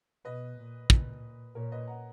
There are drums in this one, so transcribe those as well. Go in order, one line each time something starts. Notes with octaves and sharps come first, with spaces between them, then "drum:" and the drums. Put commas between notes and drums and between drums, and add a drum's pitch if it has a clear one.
B2 B4 D#5
A#2
A#2, drum: kick
A#2 A#4 C#5
B4 D#5
F#5 A#5